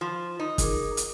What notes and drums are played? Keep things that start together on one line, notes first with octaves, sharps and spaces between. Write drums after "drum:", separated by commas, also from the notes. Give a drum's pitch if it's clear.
F3 F4
D#4
G#4 A#4 D6, drum: kick, hi-hat
drum: hi-hat